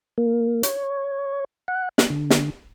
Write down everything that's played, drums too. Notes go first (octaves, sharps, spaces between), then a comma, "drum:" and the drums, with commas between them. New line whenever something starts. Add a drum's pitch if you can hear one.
A#3
C#5, drum: hi-hat
F#5
F#6, drum: snare
D3
drum: snare